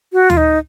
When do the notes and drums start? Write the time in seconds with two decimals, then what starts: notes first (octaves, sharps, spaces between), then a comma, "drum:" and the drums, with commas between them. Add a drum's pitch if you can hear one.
0.13 F#4
0.30 F4, drum: tom D2
0.37 D#4